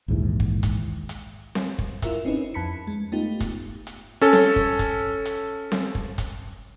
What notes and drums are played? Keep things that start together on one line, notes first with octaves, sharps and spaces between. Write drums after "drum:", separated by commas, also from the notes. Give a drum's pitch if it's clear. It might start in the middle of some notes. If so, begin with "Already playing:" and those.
A#1 D#2 G#2 E3
drum: kick
drum: kick, hi-hat
drum: hi-hat
drum: snare C4
drum: kick
E4 F4 A#4 E5, drum: kick, hi-hat
C4 C#4 D#4 E4 G#4 B4
F2 A5 B5 B6 C#7
G#3
A3 B3 D#4 F4 G4
drum: kick, hi-hat
drum: hi-hat
C#4 A4
drum: snare C4
drum: kick
drum: kick, hi-hat
drum: hi-hat
drum: snare C4
drum: kick
drum: kick, hi-hat